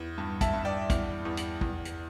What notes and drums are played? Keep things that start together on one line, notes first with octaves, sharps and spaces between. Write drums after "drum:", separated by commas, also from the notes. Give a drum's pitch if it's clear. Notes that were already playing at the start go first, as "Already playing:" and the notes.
Already playing: E2
G2
E5 A5, drum: kick, hi-hat
G2
D5 G5
E2, drum: kick, hi-hat
E2
drum: hi-hat
E2, drum: kick
drum: hi-hat